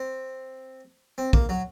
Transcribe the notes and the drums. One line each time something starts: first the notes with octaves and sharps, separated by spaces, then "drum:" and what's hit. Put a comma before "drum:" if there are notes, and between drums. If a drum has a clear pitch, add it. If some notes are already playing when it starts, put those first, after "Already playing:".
Already playing: C4
C4
A#3, drum: kick A#1
F#3